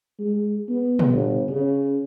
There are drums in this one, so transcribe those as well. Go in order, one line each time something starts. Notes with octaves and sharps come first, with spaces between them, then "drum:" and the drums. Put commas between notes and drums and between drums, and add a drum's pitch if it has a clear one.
G#3
B3
drum: tom
G1
C#3